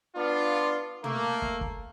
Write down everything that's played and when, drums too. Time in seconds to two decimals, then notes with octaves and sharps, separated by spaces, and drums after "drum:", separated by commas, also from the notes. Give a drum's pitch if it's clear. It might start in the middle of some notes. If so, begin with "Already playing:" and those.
0.15 B3 D4 F4
1.04 A3 A#3, drum: tom
1.42 drum: kick
1.61 drum: kick